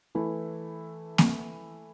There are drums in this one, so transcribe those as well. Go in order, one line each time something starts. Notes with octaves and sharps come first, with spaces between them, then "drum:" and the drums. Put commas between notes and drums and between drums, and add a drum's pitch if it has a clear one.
E3 A3 E4
drum: snare A#3